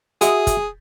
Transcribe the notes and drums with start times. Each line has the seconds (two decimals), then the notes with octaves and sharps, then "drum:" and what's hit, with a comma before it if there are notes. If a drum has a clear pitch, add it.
0.21 F#4 G#4 E5 D#6, drum: hi-hat
0.47 drum: kick, hi-hat